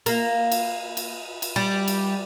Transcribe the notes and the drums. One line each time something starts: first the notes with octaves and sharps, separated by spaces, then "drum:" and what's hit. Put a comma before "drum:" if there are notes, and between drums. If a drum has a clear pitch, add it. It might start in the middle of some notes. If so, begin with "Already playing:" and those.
A#3, drum: cymbal
drum: cymbal
drum: cymbal
drum: cymbal
G3
drum: cymbal